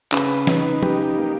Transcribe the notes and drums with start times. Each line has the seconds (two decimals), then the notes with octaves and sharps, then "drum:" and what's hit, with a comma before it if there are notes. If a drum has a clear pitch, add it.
0.12 C#3 B4, drum: clap
0.47 D#4, drum: snare
0.83 G4, drum: tom
1.17 A#3